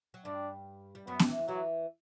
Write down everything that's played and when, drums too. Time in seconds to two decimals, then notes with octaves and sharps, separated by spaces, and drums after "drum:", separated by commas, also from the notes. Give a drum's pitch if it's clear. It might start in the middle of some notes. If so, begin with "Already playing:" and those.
0.14 F#3
0.25 G2 G3 D4
0.95 G3
1.07 F#2 F#3 B3
1.19 F#3, drum: snare B3
1.28 E2 E3
1.48 E2 E3 F#3